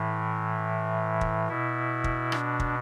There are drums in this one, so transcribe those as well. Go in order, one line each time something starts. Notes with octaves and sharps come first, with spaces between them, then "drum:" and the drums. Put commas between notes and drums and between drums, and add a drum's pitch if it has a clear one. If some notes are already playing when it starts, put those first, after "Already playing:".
Already playing: A2 E3
drum: kick
B2 E4
drum: kick
D4, drum: rim click
drum: kick